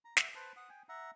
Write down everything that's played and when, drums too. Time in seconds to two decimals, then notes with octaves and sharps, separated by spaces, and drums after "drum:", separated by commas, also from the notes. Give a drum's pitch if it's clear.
0.05 A#5
0.17 E5 F#5, drum: snare
0.35 B4 C5 A5
0.56 F#5 D#6
0.69 G5 G#5
0.89 E5 F#5 A#5